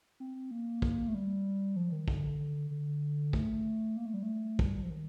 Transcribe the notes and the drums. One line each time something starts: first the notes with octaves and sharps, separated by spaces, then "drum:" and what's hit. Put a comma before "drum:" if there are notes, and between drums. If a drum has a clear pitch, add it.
C4
A#3
drum: kick
A3
G3
F3
D#3
D3, drum: kick
D3
A3, drum: kick
A#3
A3
G3
A3
G3, drum: kick
F3
D#3